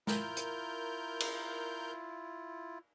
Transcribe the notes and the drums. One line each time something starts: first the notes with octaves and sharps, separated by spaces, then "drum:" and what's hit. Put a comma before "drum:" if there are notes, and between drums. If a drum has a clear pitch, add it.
E4 F4 A#4 G6, drum: snare
drum: hi-hat
drum: cymbal